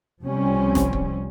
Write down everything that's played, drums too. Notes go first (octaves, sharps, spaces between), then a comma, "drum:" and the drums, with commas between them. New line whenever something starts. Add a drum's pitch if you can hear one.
C2 F3 G3 C4 C#4
drum: snare
drum: kick